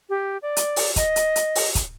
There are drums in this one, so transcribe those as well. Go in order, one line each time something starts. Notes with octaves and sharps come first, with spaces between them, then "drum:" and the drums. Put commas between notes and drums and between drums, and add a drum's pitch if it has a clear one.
G4
D5
drum: hi-hat
drum: open hi-hat
D#5, drum: kick, hi-hat
drum: hi-hat
drum: hi-hat
drum: open hi-hat
drum: kick, hi-hat